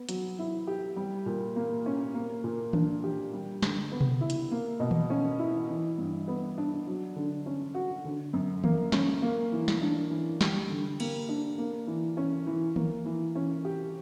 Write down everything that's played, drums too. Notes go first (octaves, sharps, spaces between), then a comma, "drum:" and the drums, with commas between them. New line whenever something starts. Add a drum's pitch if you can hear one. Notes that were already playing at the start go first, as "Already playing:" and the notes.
Already playing: B3
F#3, drum: hi-hat
E4
G4
G3
A#2
A#3
C#4
A#3
A#2
D4, drum: tom D#3
G4
G3
D3, drum: snare
B3
drum: tom B2
E4
drum: hi-hat
A#3
B2
drum: tom D#3
C#4
E4
E3
G2
B3
D4
F#3
D3
C#4
F#4
D3
F#2
A#3, drum: tom D#3
C#4, drum: snare
A#3
E3
drum: snare
D4
E3
G3, drum: snare
D3
A#3, drum: cymbal
D4
A#3
E3
C#4
E3
A#3, drum: tom D#3
E3
C#4
G4